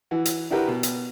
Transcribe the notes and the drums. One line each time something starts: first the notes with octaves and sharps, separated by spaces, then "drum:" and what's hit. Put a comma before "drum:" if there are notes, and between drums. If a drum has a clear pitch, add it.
E3 F#4
drum: hi-hat
D4 E4 F#4 G4 A#4 B4
B2
drum: hi-hat